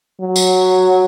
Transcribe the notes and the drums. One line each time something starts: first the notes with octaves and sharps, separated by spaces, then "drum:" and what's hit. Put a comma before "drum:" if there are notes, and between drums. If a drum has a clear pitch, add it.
F#3
drum: tambourine